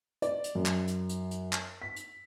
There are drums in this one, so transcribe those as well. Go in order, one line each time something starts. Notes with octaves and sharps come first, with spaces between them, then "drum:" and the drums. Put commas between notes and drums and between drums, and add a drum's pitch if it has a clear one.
D5, drum: hi-hat
drum: hi-hat
F#2
drum: clap
drum: hi-hat
drum: hi-hat
drum: hi-hat
drum: clap
B6
drum: hi-hat